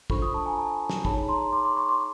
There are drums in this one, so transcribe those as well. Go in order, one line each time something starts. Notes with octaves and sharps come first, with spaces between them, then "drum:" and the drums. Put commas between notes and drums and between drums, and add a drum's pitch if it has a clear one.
D4 F4 A4 C5 B5 C#6, drum: kick
C#6 D#6
A5 B5
G#5 A#5
A5 B5
drum: snare
D#4 G#4 C#5 A5 B5, drum: kick
A#5 C6
C6 D6
C6 D6
B5 C#6
C6 D6